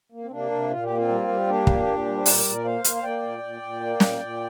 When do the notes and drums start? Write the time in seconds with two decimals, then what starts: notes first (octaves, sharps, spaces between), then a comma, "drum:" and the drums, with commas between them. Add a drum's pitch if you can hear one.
0.12 A#3
0.23 C4
0.31 C3 A#3 D4
0.51 C3
0.70 A#2 F4
0.84 G4
0.90 A#3
0.97 C4 F4
1.08 G3
1.28 G3
1.47 A#3 D4 G4
1.67 A#2, drum: kick
1.86 A#2
2.06 G3
2.17 C5
2.26 A#2 A#4 D5, drum: open hi-hat
2.45 A#2
2.64 A#3 C5 F5
2.84 A#3, drum: hi-hat
2.95 F5
3.03 A#3 D5 G5
3.22 A#2
3.43 A#2
3.62 A#2
3.81 A#3
4.00 A#2, drum: snare
4.20 A#2